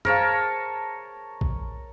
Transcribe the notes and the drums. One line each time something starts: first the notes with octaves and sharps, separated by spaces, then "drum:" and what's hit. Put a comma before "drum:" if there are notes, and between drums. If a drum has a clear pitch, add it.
G#4 A#4 C5 C#5 F5 A5, drum: tom F#2
drum: kick A#1